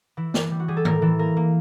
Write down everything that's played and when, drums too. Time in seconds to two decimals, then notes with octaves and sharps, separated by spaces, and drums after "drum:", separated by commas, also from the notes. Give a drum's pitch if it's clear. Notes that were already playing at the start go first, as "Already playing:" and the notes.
0.17 E3 E4
0.34 G3, drum: snare
0.51 G3
0.60 F#4
0.68 G3 G#4
0.77 A4
0.85 A2 A#4, drum: tom D#3
1.02 E3 A4
1.19 A#3 A#4
1.37 A#3